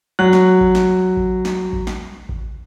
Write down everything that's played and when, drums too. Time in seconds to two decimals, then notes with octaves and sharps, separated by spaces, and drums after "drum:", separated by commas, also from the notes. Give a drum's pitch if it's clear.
0.19 F#3 F#6
0.33 drum: snare
0.61 drum: kick A1
0.75 drum: snare
1.17 drum: kick A1
1.45 drum: snare
1.73 drum: kick A1
1.87 drum: snare
2.29 drum: kick A1